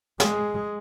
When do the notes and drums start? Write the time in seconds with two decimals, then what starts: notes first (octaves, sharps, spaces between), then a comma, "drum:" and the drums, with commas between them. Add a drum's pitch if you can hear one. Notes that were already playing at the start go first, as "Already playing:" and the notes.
0.20 G#3 G#4, drum: snare